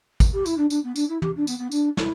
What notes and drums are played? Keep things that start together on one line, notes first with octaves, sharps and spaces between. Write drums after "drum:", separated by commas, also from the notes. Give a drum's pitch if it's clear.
drum: kick, tambourine
G4
E4, drum: tambourine
D4
D4, drum: tambourine
B3
D4, drum: tambourine
E4
G4, drum: tom
D4
B3, drum: tambourine
B3
D4, drum: tambourine
E4, drum: snare